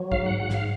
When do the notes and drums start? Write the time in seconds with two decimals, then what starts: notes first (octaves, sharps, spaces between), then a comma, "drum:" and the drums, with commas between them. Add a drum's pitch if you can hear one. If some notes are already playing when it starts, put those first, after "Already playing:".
Already playing: F#3
0.12 G#2 F5, drum: kick
0.26 G#2 F#5
0.40 F#5
0.50 G#2 F5, drum: snare